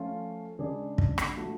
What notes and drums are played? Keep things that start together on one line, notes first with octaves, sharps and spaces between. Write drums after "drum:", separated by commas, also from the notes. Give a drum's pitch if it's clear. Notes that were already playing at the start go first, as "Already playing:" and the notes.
Already playing: F3 A3 C#4 F4 A4
C#3 G#3 D4 G#4 D5
drum: kick
drum: rim click
F3 A3 D4 F#4